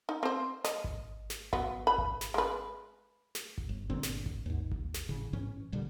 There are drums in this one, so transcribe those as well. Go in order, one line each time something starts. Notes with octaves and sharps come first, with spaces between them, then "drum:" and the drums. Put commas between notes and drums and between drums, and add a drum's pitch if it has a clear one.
D#4
C4 C5
D#5, drum: snare
drum: kick G#1
drum: snare
F#3 B3, drum: kick G#1
B4 B5
drum: kick G#1
drum: snare
G#3 B4
drum: snare
drum: kick G#1
G1
G1 A#2 D3 C4
drum: snare
drum: kick G#1
D#2 G#2
drum: kick G#1
drum: snare
A1 C#3
A1 G#2 E3 C#4
A1 A#2 D3 G3